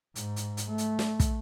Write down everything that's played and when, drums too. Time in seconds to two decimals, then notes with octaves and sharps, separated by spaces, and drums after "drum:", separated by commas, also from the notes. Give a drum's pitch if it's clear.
0.16 G#2, drum: hi-hat
0.36 drum: hi-hat
0.57 drum: hi-hat
0.67 A3
0.78 drum: hi-hat
0.99 drum: snare
1.20 drum: kick, hi-hat